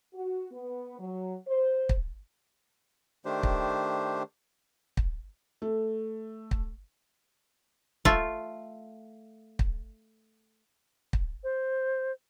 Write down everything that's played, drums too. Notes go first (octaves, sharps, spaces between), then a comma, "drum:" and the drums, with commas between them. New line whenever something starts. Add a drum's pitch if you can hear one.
F#4
B3
F#3
C5
drum: kick
D#3 A3 D4 G4 C5
drum: kick
drum: kick
A3
drum: kick
A3 F4, drum: kick
drum: kick
drum: kick
C5